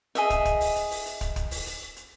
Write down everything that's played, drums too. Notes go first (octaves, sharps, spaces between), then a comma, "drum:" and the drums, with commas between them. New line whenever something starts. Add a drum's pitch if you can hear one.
G#4 D#5 E5, drum: hi-hat
drum: kick, hi-hat
drum: kick, hi-hat
drum: open hi-hat
drum: hi-hat
drum: open hi-hat
drum: hi-hat
drum: kick, hi-hat
drum: kick, hi-hat
drum: open hi-hat
drum: hi-hat
drum: hi-hat